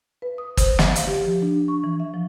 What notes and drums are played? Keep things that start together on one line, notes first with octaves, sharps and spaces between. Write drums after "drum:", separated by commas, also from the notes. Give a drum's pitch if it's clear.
B4
D#6
C5, drum: kick, hi-hat
E5, drum: snare
F5, drum: hi-hat
G4
F3
D4
C#6
E3
E5
F3